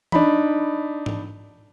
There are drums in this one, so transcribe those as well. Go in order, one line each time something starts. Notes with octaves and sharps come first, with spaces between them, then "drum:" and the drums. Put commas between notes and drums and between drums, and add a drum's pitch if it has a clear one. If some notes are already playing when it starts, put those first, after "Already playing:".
D4 D#4 B5, drum: tom
drum: tom G#2